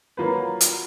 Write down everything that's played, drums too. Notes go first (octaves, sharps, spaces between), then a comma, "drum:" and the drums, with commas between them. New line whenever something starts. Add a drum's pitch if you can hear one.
F#3 A#3 F4 B4
drum: hi-hat